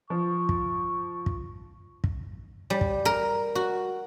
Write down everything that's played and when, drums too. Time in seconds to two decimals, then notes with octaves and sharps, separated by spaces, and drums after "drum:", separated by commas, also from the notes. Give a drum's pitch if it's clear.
0.10 F3 C#6
0.49 drum: kick
1.26 drum: kick
2.04 drum: kick
2.70 G3
2.81 drum: kick
3.05 A#4
3.55 F#4